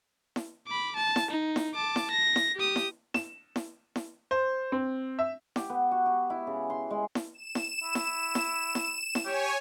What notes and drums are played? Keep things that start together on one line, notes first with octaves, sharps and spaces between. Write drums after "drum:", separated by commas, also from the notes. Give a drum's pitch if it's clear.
drum: snare E4
B5 D6
A5
drum: snare E4
D#4
drum: snare E4
A5 D6
drum: snare E4
A#6
drum: snare E4
G4 D#6
drum: snare E4
E7, drum: snare E4
drum: snare E4
drum: snare E4
C5
C4
E5
G4, drum: snare E4
B3
F#4
G4
E4
C#3
C6
G#3
drum: snare E4
E7
drum: snare E4
E4
drum: snare E4
drum: snare E4
drum: snare E4
drum: snare E4
G4 C#5 G#5